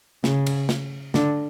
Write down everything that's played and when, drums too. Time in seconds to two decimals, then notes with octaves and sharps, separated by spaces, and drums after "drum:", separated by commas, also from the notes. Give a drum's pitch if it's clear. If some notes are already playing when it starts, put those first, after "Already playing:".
0.24 C#3, drum: snare
0.46 drum: cymbal
0.69 drum: snare
1.14 D3, drum: snare